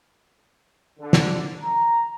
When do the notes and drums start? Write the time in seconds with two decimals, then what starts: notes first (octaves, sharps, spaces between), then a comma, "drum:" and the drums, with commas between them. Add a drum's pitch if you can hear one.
0.99 D3
1.13 drum: snare
1.60 A#5